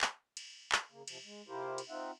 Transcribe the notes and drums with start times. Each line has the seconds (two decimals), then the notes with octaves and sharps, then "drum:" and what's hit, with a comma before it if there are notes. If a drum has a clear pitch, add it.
0.01 drum: clap
0.37 drum: cymbal
0.72 drum: clap
0.91 C#3 A#3
1.07 C3 F3, drum: cymbal
1.24 G#3
1.48 C3 E4 F4 G4 A#4 C5
1.78 drum: cymbal
1.89 C4 D#4 F4 E5 F#5